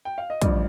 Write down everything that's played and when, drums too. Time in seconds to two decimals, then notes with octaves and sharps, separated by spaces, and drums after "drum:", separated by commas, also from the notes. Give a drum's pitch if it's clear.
0.05 G5
0.18 F5
0.30 D#5
0.42 A1 G2 F3 D5, drum: kick, hi-hat